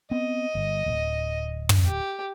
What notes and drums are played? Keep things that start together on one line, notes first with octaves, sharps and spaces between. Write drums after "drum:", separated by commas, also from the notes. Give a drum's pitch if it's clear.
B3 C4 D#5
G1
D1
drum: tom
G4